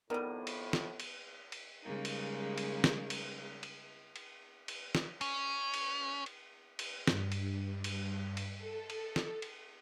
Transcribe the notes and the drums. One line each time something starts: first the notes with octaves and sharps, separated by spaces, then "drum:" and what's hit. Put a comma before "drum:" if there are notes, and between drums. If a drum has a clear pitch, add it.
F2 A2 D#3 G3 B3 A#4 D5 D#7
drum: cymbal
drum: snare
drum: cymbal
drum: cymbal
C#3 G3 G#3 A#3 D#4
drum: cymbal
drum: cymbal
drum: snare
drum: cymbal
drum: cymbal
drum: cymbal
drum: cymbal
drum: snare
C#4, drum: cymbal
drum: cymbal
drum: cymbal
drum: cymbal
G2, drum: snare
drum: cymbal
drum: cymbal
drum: cymbal
A4
drum: cymbal
drum: snare
drum: cymbal